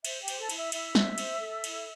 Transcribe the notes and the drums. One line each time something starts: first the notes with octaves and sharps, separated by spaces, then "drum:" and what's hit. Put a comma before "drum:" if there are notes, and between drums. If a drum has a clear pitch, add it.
C5 E5, drum: cymbal
G4 G5
C5, drum: cymbal
A4 A5
E4, drum: cymbal
E5 E6
E4 E5 E6, drum: cymbal
C5, drum: snare
C5, drum: cymbal
A4
E4, drum: cymbal